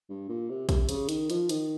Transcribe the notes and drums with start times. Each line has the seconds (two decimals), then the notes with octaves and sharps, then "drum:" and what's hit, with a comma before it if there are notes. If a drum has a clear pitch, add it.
0.09 G2
0.29 A#2
0.49 C3
0.69 C3, drum: kick, hi-hat
0.89 C#3, drum: hi-hat
1.09 D#3, drum: hi-hat
1.30 F3, drum: hi-hat
1.49 D#3, drum: hi-hat